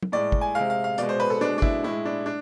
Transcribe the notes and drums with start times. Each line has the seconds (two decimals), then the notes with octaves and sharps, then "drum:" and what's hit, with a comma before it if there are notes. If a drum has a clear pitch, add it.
0.03 drum: tom
0.12 A2 G#3 D5
0.32 drum: kick
0.41 G#5
0.55 C3 G#3 F5
0.70 F5
0.84 F5
0.98 B2 D5, drum: hi-hat
1.03 G#3
1.09 C5
1.20 B4
1.30 A4
1.40 B2 G#3 D4
1.58 D4
1.62 E4, drum: kick
1.83 A2 G#3 E4
2.05 D4
2.26 D4